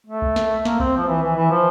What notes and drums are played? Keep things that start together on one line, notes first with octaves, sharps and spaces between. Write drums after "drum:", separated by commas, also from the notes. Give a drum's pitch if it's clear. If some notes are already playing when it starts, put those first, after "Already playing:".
A3
drum: kick C2
drum: snare
A#3, drum: snare
C4, drum: kick C2
F3
E3
E3
E3
F3